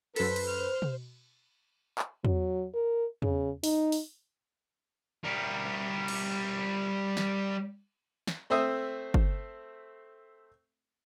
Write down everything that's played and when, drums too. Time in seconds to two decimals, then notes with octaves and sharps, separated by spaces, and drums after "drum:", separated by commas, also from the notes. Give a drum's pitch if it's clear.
0.16 F#2 A4 B4 C5 B6, drum: cymbal
0.36 drum: cymbal
0.48 F6
0.82 drum: tom B2
1.99 drum: clap
2.25 F#3, drum: tom E2
2.74 A#4
3.22 C#3, drum: tom E2
3.64 D#4, drum: open hi-hat
3.92 drum: open hi-hat
5.24 G3 A#4
6.08 drum: cymbal
7.17 drum: snare
8.27 drum: snare
8.50 A3 C4 C5 E5 D#6
9.14 drum: kick G1